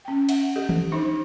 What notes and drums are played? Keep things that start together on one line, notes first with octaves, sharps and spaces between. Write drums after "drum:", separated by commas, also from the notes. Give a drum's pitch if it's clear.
C#4 G5
E5 F#5, drum: cymbal
G4 A4 D#5
drum: tom D#3
E3 D4 D#4 C5